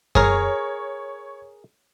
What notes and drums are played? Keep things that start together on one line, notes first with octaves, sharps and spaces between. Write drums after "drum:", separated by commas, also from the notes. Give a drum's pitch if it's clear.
G#4 A#4 C#5, drum: kick F#2